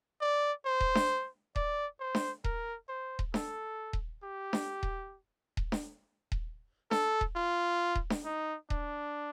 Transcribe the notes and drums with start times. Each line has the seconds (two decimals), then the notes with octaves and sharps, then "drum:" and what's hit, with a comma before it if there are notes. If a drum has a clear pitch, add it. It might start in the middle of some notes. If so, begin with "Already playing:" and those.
0.21 D5
0.66 C5
0.81 drum: kick D#1
0.95 drum: snare D4
1.56 D5, drum: kick D#1
2.00 C5
2.15 drum: snare D4
2.44 A#4, drum: kick D#1
2.89 C5
3.19 drum: kick D#1
3.34 A4, drum: snare D4
3.93 drum: kick D#1
4.23 G4
4.53 drum: snare D4
4.83 drum: kick D#1
5.57 drum: kick D#1
5.72 drum: snare D4
6.32 drum: kick D#1
6.91 A4, drum: snare D4
7.21 drum: kick D#1
7.36 F4
7.95 drum: kick D#1
8.10 drum: snare D4
8.25 D#4
8.70 D4, drum: kick D#1